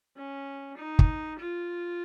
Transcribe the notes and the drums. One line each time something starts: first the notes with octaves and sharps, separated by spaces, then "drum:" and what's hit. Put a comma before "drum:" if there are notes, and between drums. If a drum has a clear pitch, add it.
C#4
D#4
drum: kick
F4